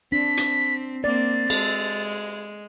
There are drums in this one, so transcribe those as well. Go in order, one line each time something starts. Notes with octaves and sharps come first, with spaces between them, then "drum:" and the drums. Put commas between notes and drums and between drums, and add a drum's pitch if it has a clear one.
C4 D4 B6
drum: hi-hat
A#3 C4 D5 A6
G#3 A4, drum: cymbal